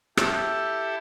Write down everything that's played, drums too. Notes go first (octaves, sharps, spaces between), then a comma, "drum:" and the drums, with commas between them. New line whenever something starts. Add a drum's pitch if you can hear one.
E4 G4 A4, drum: rim click